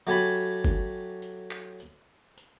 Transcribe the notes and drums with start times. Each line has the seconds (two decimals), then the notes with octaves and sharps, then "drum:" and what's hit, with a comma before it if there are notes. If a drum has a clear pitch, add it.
0.07 F#3 A3 G4 G#5 A5 B5, drum: tambourine
0.65 drum: kick, tambourine
1.22 drum: tambourine
1.51 drum: clap
1.80 drum: tambourine
2.38 drum: tambourine